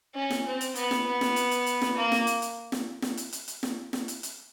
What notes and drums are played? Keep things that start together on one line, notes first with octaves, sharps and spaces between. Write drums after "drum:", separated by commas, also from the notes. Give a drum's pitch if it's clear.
C#4
drum: snare
C4
drum: hi-hat
B3, drum: hi-hat
drum: snare
B3
drum: snare
drum: hi-hat
drum: hi-hat
drum: hi-hat
drum: snare
A#3
drum: snare
drum: hi-hat
drum: hi-hat
drum: snare
drum: snare
drum: hi-hat
drum: hi-hat
drum: hi-hat
drum: snare
drum: snare
drum: hi-hat
drum: hi-hat